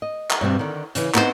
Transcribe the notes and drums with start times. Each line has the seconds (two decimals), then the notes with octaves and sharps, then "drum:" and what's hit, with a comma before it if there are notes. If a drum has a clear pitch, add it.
0.02 D#5
0.30 drum: clap
0.41 G2 B2 G3 C4
0.59 D3 D#3
0.95 C#3 E3, drum: hi-hat
1.14 B3 C4 D#4 E4 C5, drum: clap